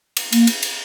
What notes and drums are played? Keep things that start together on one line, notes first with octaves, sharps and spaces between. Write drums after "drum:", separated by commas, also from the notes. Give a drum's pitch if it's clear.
drum: cymbal
A#3, drum: cymbal
drum: cymbal
drum: cymbal